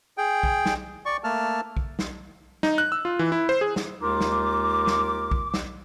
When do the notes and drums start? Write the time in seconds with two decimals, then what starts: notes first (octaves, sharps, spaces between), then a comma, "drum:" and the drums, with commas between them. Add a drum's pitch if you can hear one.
0.18 G#4 G5
0.43 drum: kick B1
0.66 drum: snare
1.06 D5 C#6
1.24 A3 A#3 A5 F6
1.77 drum: kick B1
1.99 drum: snare
2.63 D#4, drum: snare
2.78 F#6
2.92 E6
3.05 F4
3.19 E3
3.32 E4
3.49 C5
3.61 G#4
3.76 drum: snare
4.02 D#2 G#3 D#4 F4 A#4 D6
4.21 drum: snare
4.87 drum: snare
5.31 drum: kick B1
5.54 drum: snare